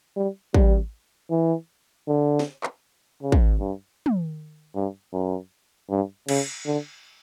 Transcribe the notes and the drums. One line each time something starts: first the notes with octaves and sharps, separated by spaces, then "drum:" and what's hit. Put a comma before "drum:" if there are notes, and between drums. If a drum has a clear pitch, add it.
G3
G3, drum: kick
E3
D3
drum: snare
drum: clap
C#3
drum: kick
G2
drum: tom
G2
F#2
G2
C#3, drum: cymbal
D3